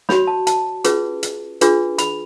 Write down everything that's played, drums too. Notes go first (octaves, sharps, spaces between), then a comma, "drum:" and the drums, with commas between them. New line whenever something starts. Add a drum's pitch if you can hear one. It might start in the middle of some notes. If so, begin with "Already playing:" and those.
F#4 C#5 B5, drum: snare
A5
A5, drum: hi-hat
C#4 F4 G#4 B4, drum: hi-hat
drum: hi-hat
D4 F4 G#4 B4, drum: hi-hat
B5, drum: hi-hat